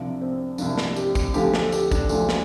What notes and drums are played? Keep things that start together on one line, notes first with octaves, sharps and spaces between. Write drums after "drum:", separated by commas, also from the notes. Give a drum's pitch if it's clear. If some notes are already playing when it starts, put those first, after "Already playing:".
Already playing: C2 C3 F3 D4
C4
C2 C3 F3 D4, drum: tambourine
drum: snare
G4, drum: tambourine
drum: kick, tambourine
D2 D3 F3 G4, drum: tambourine
A4, drum: snare
G4, drum: tambourine
D4, drum: kick, tambourine
D2 D3 F3 A3, drum: tambourine
drum: snare